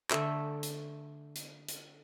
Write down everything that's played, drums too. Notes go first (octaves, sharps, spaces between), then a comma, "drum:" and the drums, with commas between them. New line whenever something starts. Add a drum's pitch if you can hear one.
D3 A3 E5, drum: clap
drum: hi-hat
drum: hi-hat
drum: hi-hat